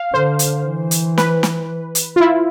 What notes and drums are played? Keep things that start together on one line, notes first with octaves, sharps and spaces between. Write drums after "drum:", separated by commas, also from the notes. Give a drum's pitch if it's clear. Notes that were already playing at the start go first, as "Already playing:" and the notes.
Already playing: F5
D3 C5
drum: hi-hat
E3
drum: hi-hat
B4, drum: snare
drum: snare
drum: hi-hat
F4
E4